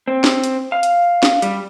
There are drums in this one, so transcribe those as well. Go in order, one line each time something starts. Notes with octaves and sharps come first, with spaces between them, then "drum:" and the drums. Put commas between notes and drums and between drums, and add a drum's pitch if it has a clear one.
C4
drum: snare
drum: hi-hat
F5
drum: hi-hat
drum: snare
G3, drum: hi-hat